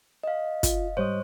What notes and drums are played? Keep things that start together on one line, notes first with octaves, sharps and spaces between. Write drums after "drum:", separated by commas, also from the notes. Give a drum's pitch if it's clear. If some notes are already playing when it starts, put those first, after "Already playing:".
D#5 F5
F4, drum: kick, hi-hat
G#2 G3 C5 C#5 D#5